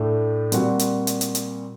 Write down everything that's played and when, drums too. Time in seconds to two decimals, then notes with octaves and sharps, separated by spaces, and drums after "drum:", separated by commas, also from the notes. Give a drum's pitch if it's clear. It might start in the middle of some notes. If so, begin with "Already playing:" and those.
Already playing: A2 A3 D4
0.52 A#2 G3 C4 F#4, drum: hi-hat
0.79 drum: hi-hat
1.07 drum: hi-hat
1.21 drum: hi-hat
1.35 drum: hi-hat